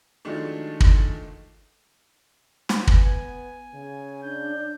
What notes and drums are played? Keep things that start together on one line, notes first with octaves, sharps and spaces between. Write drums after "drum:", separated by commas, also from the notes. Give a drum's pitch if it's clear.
D#3 F3 F#3 G#3 A3 D4
drum: kick
drum: snare
B3 G#5, drum: kick
C#3
D4 G6